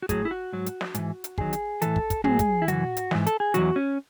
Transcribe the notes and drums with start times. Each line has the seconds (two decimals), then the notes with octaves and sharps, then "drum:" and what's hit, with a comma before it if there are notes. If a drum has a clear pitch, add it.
0.03 F#4
0.09 A2 F#3 G#4, drum: kick, hi-hat
0.25 E4
0.31 F#4
0.53 G#2 F#3
0.66 drum: hi-hat
0.81 drum: snare
0.95 G#2 E3, drum: hi-hat
1.24 drum: hi-hat
1.38 E2 D#3 F#3 G#4, drum: kick
1.53 drum: hi-hat
1.82 A2 E3 A4, drum: hi-hat
1.96 drum: kick
2.10 drum: kick, hi-hat
2.24 A2 F#3 G#4, drum: tom
2.39 drum: kick, hi-hat
2.62 E4
2.68 F#2 E3 F#4, drum: hi-hat
2.97 drum: hi-hat
3.11 G#2 E3, drum: snare
3.27 A4, drum: hi-hat
3.40 G#4
3.54 E2 D#3 F#3 F#4, drum: hi-hat
3.76 C#4